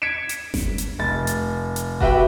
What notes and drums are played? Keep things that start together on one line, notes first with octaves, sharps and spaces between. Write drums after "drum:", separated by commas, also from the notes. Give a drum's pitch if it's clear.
G#6 B6 C#7 D7 E7
drum: hi-hat
drum: snare G1
drum: hi-hat
F1 A6
drum: hi-hat
drum: hi-hat
F#4 G4 B4 E5 F#5 G5, drum: kick D#1